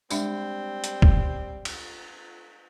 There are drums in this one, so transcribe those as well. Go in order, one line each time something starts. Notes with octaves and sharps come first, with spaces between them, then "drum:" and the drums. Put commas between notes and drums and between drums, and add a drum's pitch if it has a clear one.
G3 G#3 C4 D4 E5, drum: tambourine
drum: hi-hat
drum: kick
drum: cymbal